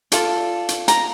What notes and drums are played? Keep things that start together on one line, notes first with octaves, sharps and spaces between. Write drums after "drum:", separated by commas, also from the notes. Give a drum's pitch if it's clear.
F4 A4 D5, drum: hi-hat
drum: hi-hat
A#5, drum: hi-hat